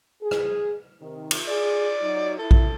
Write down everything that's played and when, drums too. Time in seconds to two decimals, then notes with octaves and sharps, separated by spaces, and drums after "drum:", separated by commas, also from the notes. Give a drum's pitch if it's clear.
0.22 G#4
0.31 drum: rim click
1.01 C3 D#3
1.31 drum: cymbal
1.48 G#4 D5
2.02 F#3 D#4
2.39 E4 A4
2.51 drum: kick A#1